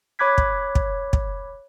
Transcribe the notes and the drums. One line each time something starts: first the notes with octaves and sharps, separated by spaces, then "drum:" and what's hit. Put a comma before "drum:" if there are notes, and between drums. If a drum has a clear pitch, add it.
C#5 B5 D6 F#6 G#6 B6
drum: kick
drum: kick
drum: kick